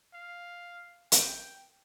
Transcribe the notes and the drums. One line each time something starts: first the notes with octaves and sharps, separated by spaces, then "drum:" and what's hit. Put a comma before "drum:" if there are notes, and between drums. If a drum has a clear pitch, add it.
F5
G5, drum: hi-hat